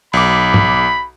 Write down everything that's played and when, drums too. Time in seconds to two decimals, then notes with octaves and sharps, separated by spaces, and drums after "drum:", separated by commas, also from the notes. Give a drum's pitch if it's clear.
0.13 B1 B5 D6
0.54 drum: tom G#2